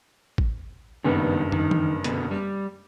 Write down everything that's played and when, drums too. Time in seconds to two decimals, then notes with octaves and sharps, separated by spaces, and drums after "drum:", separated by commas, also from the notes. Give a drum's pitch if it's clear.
0.38 drum: kick
1.04 F#1 G2 D#3 B3
1.52 D#3, drum: tom
1.71 drum: tom E3
2.04 B2 D3, drum: hi-hat
2.31 G3